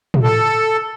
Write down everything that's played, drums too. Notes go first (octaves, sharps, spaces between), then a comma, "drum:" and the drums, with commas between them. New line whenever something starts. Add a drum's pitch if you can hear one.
drum: tom
A4